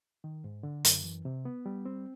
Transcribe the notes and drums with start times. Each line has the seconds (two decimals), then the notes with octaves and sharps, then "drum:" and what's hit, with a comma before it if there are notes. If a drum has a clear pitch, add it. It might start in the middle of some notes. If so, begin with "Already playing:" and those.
0.24 D#3
0.44 G#2
0.63 D3
0.85 F#2, drum: hi-hat
1.04 E3
1.25 C3
1.45 B3
1.66 G3
1.85 C4